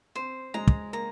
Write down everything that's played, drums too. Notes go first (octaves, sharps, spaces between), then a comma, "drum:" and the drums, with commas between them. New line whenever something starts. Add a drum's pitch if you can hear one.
C4 C5
G#3 A#5
drum: kick
A#3 A#5